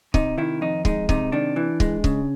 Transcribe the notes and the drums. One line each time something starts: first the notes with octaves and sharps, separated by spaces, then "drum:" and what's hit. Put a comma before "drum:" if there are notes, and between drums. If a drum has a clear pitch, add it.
C3 D#4, drum: kick C#1
D#3 E4
F2 D#4
G#3 D#4, drum: kick C#1
C3 D#4, drum: kick C#1
D#3 D4
E3
G#3, drum: kick C#1
C#3, drum: kick C#1